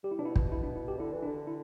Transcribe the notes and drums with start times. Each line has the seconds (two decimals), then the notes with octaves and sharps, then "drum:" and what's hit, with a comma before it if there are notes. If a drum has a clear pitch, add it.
0.04 G3 G4
0.11 E4
0.19 B2 D4
0.26 E4
0.36 B2, drum: kick
0.52 E4
0.63 D4
0.76 E4
0.88 G4
0.99 D3 E4
1.13 E3
1.23 D4
1.26 D3
1.47 E4